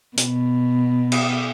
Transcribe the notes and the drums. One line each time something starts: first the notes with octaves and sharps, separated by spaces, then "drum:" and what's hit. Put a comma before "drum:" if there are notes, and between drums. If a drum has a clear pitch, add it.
B2, drum: hi-hat
drum: cymbal